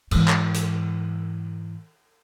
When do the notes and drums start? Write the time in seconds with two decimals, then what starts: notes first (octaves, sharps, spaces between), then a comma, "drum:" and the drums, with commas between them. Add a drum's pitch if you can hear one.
0.11 G#2 E3, drum: cymbal
0.28 drum: clap
0.54 drum: hi-hat